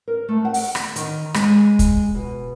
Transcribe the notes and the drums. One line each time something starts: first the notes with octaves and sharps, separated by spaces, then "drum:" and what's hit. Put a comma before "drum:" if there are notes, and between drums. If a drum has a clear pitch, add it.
A#4
A3
F#5
drum: open hi-hat
drum: rim click
D#3, drum: hi-hat
G#3, drum: rim click
drum: kick, hi-hat
B2